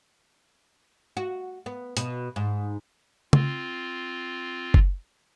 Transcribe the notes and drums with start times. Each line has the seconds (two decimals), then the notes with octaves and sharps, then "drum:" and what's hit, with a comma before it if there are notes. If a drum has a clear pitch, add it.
1.17 F#4
1.66 B3
1.97 B2, drum: hi-hat
2.36 G#2
3.33 C4 F4, drum: tom
4.74 drum: kick F#1